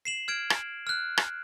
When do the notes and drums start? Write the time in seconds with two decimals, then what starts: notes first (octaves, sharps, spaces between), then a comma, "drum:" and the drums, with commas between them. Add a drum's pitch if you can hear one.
0.05 C7 E7 F#7
0.28 F6 G#6 D7
0.50 drum: rim click
0.87 F6 F#6
1.17 drum: rim click